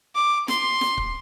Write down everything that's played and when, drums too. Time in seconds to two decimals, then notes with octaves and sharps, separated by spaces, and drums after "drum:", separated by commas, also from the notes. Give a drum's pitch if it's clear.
0.15 D6
0.48 C6, drum: snare
0.81 drum: snare
0.97 drum: kick C#1